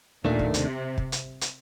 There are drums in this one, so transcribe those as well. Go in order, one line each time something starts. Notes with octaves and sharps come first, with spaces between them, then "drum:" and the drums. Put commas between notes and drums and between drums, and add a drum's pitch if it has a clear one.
D#2 A#2 D#3 A3 D4
drum: kick
C3, drum: hi-hat
drum: kick
drum: hi-hat
drum: hi-hat